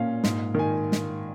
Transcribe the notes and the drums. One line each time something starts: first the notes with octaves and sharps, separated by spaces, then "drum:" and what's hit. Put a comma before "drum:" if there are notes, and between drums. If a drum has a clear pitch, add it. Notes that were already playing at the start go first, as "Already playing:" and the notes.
Already playing: A#2 C#4 F5
G#2, drum: snare
D#3 G#5
drum: snare